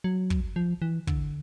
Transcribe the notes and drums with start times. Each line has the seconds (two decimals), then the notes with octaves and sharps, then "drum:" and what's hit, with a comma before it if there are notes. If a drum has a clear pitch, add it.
0.04 F#3
0.30 drum: kick
0.56 F3
0.82 E3
1.07 D3, drum: kick